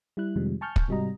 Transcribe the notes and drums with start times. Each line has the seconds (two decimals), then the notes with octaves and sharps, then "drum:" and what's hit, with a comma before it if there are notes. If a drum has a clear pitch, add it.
0.17 G3 E4 F#6
0.36 F2 C3 D#3 F3 G3 G#3
0.61 G#5 A5 C#6 F6 G6
0.76 drum: kick
0.88 G#2 C3 G3 F#4 D#5 A#5